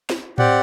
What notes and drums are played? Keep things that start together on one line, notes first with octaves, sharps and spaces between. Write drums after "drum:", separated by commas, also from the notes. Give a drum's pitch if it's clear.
drum: snare
C4 G4 D5 F#5, drum: tom A2